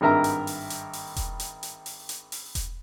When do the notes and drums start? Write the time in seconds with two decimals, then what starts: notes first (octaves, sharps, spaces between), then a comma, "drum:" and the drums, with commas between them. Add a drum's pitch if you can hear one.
0.01 G#1 G2 A#4 E5 A#5
0.24 drum: hi-hat
0.47 drum: open hi-hat
0.70 drum: hi-hat
0.93 drum: open hi-hat
1.16 drum: kick E1, hi-hat
1.40 drum: hi-hat
1.63 drum: hi-hat
1.86 drum: open hi-hat
2.09 drum: hi-hat
2.32 drum: open hi-hat
2.55 drum: kick E1, hi-hat